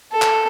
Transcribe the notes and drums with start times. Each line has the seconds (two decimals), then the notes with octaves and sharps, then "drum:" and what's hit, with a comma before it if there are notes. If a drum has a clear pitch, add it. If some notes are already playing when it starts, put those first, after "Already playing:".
0.12 A4
0.22 drum: clap